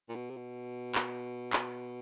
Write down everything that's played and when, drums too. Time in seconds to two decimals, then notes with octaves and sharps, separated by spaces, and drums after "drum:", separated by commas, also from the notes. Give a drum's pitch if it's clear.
0.09 A#2
0.15 B2
0.30 C3
0.37 B2
0.95 drum: clap
1.53 drum: clap